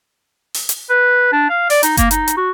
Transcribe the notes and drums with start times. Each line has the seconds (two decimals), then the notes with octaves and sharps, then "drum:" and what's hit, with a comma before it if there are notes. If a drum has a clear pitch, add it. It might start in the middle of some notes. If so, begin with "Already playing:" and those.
0.54 drum: open hi-hat
0.69 drum: hi-hat
0.89 B4
1.32 D4
1.49 F5
1.70 D5, drum: open hi-hat
1.83 D#4, drum: hi-hat
1.97 A#3, drum: kick F#1, hi-hat
2.11 D#4, drum: hi-hat
2.28 drum: hi-hat
2.37 F#4